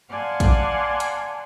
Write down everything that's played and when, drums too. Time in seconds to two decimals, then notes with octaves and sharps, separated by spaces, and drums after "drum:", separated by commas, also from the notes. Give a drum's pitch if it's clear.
0.10 D5 F5 F#5 G#5 A5 C6
0.40 drum: kick A#1, hi-hat
1.00 drum: hi-hat